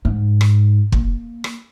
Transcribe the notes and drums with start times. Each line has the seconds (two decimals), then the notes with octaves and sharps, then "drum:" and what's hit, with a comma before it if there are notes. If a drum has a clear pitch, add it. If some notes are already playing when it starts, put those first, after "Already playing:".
0.05 G#2
0.41 drum: rim click
0.92 A#3, drum: kick
1.44 drum: rim click